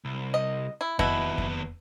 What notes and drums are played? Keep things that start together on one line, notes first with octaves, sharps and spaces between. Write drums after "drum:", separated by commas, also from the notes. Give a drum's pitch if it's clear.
C2
D#5
E4
D#2 B2 B3 E4, drum: kick F2
drum: kick F2